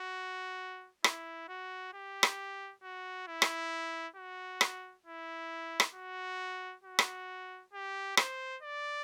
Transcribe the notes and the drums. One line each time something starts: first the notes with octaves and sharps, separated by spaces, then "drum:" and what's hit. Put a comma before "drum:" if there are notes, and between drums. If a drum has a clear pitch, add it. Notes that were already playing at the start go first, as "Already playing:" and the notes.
Already playing: F#4
E4, drum: rim click
F#4
G4
drum: rim click
F#4
E4
drum: rim click
F#4
drum: rim click
E4
drum: rim click
F#4
F#4
drum: rim click
G4
C5, drum: rim click
D5